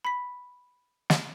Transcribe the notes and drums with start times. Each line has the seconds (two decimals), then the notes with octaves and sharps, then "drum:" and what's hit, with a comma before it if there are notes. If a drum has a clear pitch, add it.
0.05 B5 B6
1.10 drum: snare